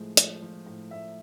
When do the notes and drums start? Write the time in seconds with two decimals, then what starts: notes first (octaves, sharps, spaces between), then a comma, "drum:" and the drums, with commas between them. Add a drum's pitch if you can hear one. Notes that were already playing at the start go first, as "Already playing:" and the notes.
Already playing: A2 F3 G#3
0.17 F3, drum: hi-hat
0.42 F3
0.67 A2
0.91 A2 E5